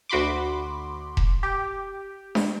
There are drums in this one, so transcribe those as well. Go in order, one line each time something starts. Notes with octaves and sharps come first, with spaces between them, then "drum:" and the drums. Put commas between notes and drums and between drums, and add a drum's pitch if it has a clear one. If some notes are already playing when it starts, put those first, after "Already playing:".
D2 F#4 B5 C6 D6
drum: kick E1
G4
drum: snare D4